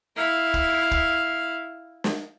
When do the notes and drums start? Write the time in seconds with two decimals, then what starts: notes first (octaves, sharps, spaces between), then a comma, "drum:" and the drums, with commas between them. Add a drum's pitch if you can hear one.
0.16 E4 F5
0.54 drum: kick
0.91 drum: kick
2.04 drum: snare